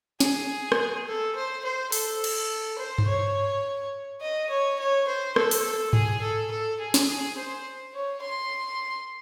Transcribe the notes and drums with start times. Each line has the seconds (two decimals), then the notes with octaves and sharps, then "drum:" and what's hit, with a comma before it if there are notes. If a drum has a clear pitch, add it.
0.20 G#4, drum: snare
0.72 drum: rim click
1.07 A4
1.35 C5
1.64 C5
1.92 A4, drum: open hi-hat
2.24 drum: cymbal
2.78 C5
2.98 drum: tom G2
3.07 C#5
4.21 D#5
4.50 C#5
4.79 C#5
5.07 C5
5.36 A4, drum: rim click
5.51 drum: open hi-hat
5.64 A4
5.93 G#4, drum: tom G#2
6.21 A4
6.51 A4
6.79 G#4
6.94 drum: snare
7.08 G#4
7.37 C5
7.93 C#5
8.22 C6